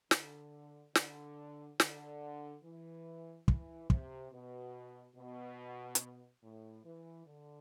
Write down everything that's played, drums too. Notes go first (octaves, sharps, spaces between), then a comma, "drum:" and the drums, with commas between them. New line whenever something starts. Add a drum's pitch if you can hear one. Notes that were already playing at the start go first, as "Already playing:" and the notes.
D3, drum: snare
D3, drum: snare
D3, drum: snare
E3
E3, drum: kick
C3, drum: kick
B2
B2
drum: hi-hat
A2
E3
D3